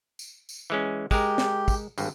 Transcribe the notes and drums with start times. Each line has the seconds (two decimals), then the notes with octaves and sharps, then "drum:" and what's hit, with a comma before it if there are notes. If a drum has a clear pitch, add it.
0.19 drum: tambourine
0.49 drum: tambourine
0.70 E3 G#3 C#4
1.11 G#3 G4 A#4, drum: kick, tambourine
1.38 drum: snare
1.68 drum: kick, tambourine
1.98 G#1 G2, drum: tambourine